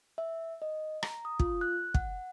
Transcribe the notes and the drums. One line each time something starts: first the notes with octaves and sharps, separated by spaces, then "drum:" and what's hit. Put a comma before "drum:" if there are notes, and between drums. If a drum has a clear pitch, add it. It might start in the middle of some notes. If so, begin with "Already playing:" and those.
E5
D#5
A#5, drum: rim click
D#6
F4, drum: kick
F#6
F#5, drum: kick